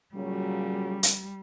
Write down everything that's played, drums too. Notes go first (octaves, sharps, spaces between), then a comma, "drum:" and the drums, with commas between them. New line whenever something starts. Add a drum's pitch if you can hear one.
A#2 C#3 F#3 G3
drum: hi-hat